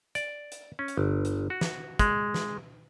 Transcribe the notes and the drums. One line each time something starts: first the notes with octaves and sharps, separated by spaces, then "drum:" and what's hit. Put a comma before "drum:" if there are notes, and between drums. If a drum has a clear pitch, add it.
D5, drum: hi-hat
drum: hi-hat
C#4
drum: hi-hat
G1
drum: hi-hat
F#4
drum: snare
G#3, drum: kick, hi-hat
drum: snare